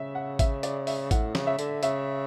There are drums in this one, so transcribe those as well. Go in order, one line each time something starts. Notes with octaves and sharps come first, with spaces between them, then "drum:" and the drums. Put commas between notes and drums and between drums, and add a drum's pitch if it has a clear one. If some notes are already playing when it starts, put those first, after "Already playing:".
Already playing: C#3 E5
F#5
E5, drum: kick A1, hi-hat
D5, drum: hi-hat
E5, drum: open hi-hat
A2 F#5, drum: kick A1, hi-hat
C#3, drum: snare
E5
D3, drum: hi-hat
C#3 E5, drum: hi-hat